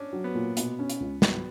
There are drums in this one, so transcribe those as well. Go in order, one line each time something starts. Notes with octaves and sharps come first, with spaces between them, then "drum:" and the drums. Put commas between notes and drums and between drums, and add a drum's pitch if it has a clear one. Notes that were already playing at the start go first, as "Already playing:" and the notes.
Already playing: C#4 D4
F#3
B3
A#2
B2, drum: hi-hat
C#4
drum: hi-hat
C#2
F#3 B3, drum: snare